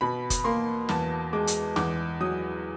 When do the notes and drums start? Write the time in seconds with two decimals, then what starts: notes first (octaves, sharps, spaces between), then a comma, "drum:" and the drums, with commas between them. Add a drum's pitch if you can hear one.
0.01 B2 B5
0.30 drum: kick F#1, hi-hat
0.44 A#3 C6
0.89 E2 A5, drum: snare
1.33 G#3 D6
1.47 drum: hi-hat
1.76 E2 D6, drum: snare
2.20 F#3 D#6